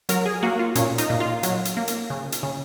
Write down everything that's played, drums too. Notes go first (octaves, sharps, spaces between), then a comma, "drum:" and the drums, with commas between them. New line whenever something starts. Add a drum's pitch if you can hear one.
F#3 A#4, drum: hi-hat
G#4
A#3 F#4
F4
A#2 C#4, drum: hi-hat
D#4, drum: hi-hat
A#2
F4
F#3, drum: hi-hat
drum: hi-hat
A#3
drum: hi-hat
C#3
drum: hi-hat
C#3